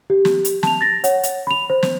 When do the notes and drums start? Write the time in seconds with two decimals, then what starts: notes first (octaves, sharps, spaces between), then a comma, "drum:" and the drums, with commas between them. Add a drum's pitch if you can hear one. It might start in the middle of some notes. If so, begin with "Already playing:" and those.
0.10 G4
0.25 drum: snare
0.45 drum: hi-hat
0.63 A5 F7, drum: snare
0.81 A6 A#6
1.04 C#5 F#5, drum: hi-hat
1.23 drum: hi-hat
1.47 B5 F7
1.70 C5
1.83 drum: snare